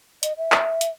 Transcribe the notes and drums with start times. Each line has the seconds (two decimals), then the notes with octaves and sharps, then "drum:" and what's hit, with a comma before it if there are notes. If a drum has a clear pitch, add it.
0.23 D#5, drum: hi-hat
0.37 E5
0.52 drum: clap
0.81 drum: hi-hat